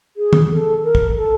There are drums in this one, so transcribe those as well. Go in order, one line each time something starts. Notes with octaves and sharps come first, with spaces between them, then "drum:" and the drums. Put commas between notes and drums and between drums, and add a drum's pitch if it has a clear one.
G#4
drum: tom
A4
A#4
drum: kick
A4